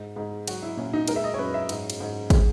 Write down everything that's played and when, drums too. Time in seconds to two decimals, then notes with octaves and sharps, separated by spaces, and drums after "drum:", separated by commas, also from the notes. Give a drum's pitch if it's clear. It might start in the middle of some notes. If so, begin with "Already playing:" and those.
Already playing: G#2
0.16 G#2
0.48 F#3 F#4, drum: cymbal
0.63 E4
0.77 A#2 C#4
0.93 D#4
1.08 G#3 A#4, drum: cymbal
1.16 E5
1.24 D#5
1.34 C#5
1.38 F#2 B4
1.54 E5
1.69 G#2, drum: cymbal
1.90 drum: cymbal
2.00 G#2
2.30 G#3, drum: kick, cymbal